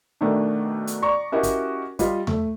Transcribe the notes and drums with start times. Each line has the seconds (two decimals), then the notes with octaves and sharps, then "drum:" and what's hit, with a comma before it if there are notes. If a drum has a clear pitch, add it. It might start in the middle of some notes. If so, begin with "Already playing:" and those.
0.21 B2 D#3 A3 D4
0.87 drum: hi-hat
1.02 D5 A#5 C#6
1.32 C#4 E4 F#4 G4 A#4 D#5
1.43 drum: kick, hi-hat
1.99 G3 F4 D#5, drum: kick, hi-hat
2.27 A3, drum: tom E2